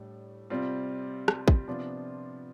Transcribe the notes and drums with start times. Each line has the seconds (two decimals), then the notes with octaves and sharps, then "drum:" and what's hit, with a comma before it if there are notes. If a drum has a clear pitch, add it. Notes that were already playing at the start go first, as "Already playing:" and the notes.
Already playing: A2 G3 D4
0.50 C3 G3 C4 F4
1.28 drum: rim click
1.48 drum: kick
1.68 C3 F3 B3 D4 F4